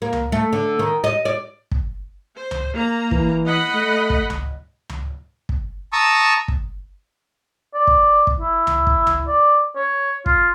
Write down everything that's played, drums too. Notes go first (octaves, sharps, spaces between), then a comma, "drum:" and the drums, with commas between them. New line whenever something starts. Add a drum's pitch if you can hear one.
A#3
drum: tom C#2
A3
D3
D#3
D#5
D5
drum: kick
C5
drum: tom C#2
A#3 A#5
E3, drum: kick
D#5 F#5 B5
A3
drum: kick
drum: tom C#2
drum: tom C#2
drum: kick
A5 A#5 C#6 D#6 E6
drum: kick
D5
drum: kick
drum: kick
E4
drum: tom C#2
drum: kick
drum: tom C#2
D5
C#5
F4, drum: kick